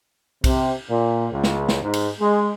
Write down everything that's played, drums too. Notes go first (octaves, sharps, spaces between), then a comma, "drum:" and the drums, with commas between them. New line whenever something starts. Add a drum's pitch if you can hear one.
C3, drum: kick B1, cymbal
A#2
C#2
drum: snare
drum: snare
G#2
drum: cymbal
G#3